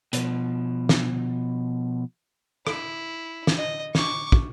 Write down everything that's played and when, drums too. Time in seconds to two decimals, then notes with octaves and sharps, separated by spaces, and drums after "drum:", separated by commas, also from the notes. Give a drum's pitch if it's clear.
0.13 B2 F3, drum: hi-hat
0.89 drum: snare
2.67 E4, drum: rim click
3.47 drum: snare
3.57 D#5
3.95 C#6 D6, drum: snare
4.32 drum: kick